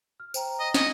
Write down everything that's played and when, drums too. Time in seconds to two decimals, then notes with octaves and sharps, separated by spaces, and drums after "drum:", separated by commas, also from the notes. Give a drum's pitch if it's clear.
0.20 F6
0.34 C5 G5 A#5, drum: tambourine
0.60 D#5
0.74 D#5 G#6 A#6 C#7, drum: snare